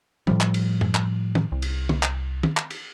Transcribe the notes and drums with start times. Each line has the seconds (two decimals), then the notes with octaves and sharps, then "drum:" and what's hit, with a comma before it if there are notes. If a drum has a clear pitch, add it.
0.27 A2 F3 G3, drum: tom
0.41 drum: clap
0.54 drum: cymbal
0.81 drum: tom F#2
0.95 drum: clap
1.35 drum: tom
1.52 C2
1.62 drum: cymbal
1.89 drum: tom
2.03 drum: clap
2.43 drum: tom
2.57 drum: clap
2.70 drum: cymbal